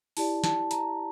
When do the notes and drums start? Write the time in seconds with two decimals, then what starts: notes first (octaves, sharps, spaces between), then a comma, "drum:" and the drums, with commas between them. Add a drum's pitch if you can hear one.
0.17 E4 G4 D5 A5, drum: open hi-hat
0.44 A5, drum: snare
0.71 A#5, drum: hi-hat